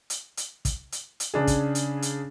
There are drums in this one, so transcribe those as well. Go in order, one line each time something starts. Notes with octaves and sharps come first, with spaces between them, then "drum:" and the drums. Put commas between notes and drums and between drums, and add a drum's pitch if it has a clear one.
drum: hi-hat
drum: hi-hat
drum: kick, hi-hat
drum: hi-hat
drum: hi-hat
C#3 D4 G#4
drum: kick, hi-hat
drum: hi-hat
drum: hi-hat